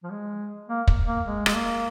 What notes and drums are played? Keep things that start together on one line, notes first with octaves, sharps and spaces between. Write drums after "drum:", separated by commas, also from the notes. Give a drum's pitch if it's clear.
F3
G#3
A#3
drum: kick
A#3
G#3
G#3, drum: rim click
A#3